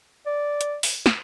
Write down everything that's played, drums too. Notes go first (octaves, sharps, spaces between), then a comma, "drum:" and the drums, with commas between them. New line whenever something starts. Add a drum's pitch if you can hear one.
D5
drum: hi-hat
drum: open hi-hat
drum: snare